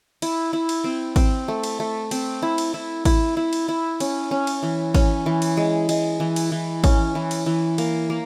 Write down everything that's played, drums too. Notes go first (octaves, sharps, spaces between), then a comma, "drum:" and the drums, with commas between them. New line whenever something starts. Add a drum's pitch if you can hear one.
E4, drum: cymbal
E4
drum: cymbal
C4
C4, drum: kick G#1, cymbal
A3
drum: cymbal
A3
C4, drum: cymbal
E4
drum: cymbal
E4
E4, drum: kick G#1, cymbal
E4
drum: cymbal
E4
C#4, drum: cymbal
C#4
drum: cymbal
E3
C#4, drum: kick G#1, cymbal
E3
drum: cymbal
G#3
G#3, drum: cymbal
E3
drum: cymbal
E3
C#4, drum: kick G#1, cymbal
E3
drum: cymbal
E3
A#3, drum: cymbal
A#3